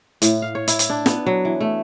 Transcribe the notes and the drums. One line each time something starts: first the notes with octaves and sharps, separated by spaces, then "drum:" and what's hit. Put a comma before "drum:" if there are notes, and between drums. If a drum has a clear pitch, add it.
A2, drum: hi-hat
F5
C#5
E4, drum: hi-hat
drum: hi-hat
D4
B3, drum: snare
F#3
E3
A3